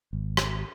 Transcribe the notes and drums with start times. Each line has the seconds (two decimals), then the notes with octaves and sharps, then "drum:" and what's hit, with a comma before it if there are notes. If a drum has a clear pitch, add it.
0.13 G#1
0.37 drum: rim click